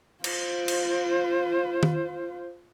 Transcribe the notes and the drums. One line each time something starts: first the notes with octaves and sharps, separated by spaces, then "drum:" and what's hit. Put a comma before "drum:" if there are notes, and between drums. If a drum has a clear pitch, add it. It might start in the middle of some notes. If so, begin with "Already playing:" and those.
F4 C5, drum: cymbal
drum: cymbal
drum: tom D#3